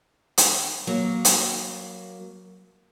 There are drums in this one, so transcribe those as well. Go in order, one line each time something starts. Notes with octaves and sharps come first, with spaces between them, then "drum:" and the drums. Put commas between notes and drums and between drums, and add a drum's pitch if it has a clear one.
drum: hi-hat
F#3 A#3
drum: hi-hat